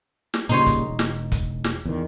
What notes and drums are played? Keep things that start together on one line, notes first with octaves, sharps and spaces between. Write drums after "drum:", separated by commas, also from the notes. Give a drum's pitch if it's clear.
drum: snare
A#2 C#3 G3 D#4 C5 C#5
drum: kick, hi-hat
E1
drum: snare
drum: kick, hi-hat
drum: snare
E2 D#3